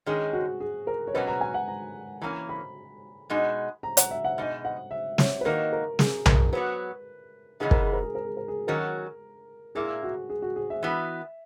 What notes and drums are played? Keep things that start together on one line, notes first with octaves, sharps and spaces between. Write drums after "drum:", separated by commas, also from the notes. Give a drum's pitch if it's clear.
D#3 G#3 C#4 G#4
F#4
G#4
A#4
C#5
B2 F#3 C#4 F#4 B4
A#5
G#5
F#5
A#5
E3 A#3 C#4 A#5
B5
B2 G#3 D#4 F#4
A#5
F#5, drum: hi-hat
E5
F#5
B2 G#3 D#4
F#5
E5
C#5, drum: snare
B4
D#3 A#3 D#4 F#4 A#4
A#4
G#4, drum: snare
A#4, drum: tom B1
F#3 B3 F#4 B4
C#3 E3 G#3 B3 D#4 G#4
A#4, drum: kick
G#4
A#4
G#4
A#4
G#4
A#4
G#4
D#3 F#3 C#4 F#4 A#4
A#2 A#3 E4 G#4
F#4
G#4
F#4
G#4
E5
E3 B3 F#4